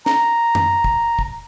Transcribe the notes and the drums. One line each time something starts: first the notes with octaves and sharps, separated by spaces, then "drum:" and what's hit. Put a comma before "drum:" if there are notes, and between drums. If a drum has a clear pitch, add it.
A#5, drum: snare
drum: tom
drum: kick
drum: kick